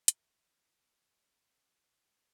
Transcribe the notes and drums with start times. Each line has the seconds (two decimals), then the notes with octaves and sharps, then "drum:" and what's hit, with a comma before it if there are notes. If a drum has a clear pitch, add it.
0.08 E5 A#5 F6, drum: hi-hat